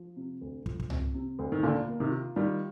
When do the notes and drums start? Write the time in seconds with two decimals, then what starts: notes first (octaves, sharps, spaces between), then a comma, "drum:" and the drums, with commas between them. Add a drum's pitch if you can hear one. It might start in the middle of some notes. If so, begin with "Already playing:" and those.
Already playing: F3
0.17 C3
0.41 D2
0.66 F3, drum: kick
0.80 drum: kick
0.90 C3, drum: tom C2
1.14 C3
1.39 D2
1.52 D#3
1.63 A#2 D3 A#3
1.88 A#3
2.00 C3 D#3
2.11 F4
2.36 D#3 G3 F4